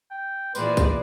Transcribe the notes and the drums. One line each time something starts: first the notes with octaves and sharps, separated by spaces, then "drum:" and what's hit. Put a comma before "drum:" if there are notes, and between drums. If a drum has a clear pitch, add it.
G5
A#2 E3 G#4 B4 C5 D5, drum: tambourine
drum: kick B1, tambourine